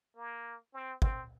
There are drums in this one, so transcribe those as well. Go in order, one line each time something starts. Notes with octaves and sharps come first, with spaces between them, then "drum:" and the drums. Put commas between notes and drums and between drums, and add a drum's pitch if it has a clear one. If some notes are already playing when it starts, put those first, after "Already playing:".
A#3
C4
C4, drum: kick